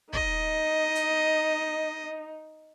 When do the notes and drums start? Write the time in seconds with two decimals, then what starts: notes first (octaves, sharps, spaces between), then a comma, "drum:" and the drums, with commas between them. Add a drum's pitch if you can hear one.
0.13 D#4 D#5, drum: kick
0.95 drum: hi-hat